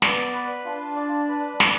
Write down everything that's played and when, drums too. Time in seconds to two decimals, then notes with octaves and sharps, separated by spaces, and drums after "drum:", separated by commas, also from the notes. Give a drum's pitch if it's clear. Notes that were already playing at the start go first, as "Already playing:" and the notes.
0.02 B3 D5, drum: snare
0.33 B4
0.65 D4 F4
0.96 D5
1.28 B4
1.60 D5, drum: snare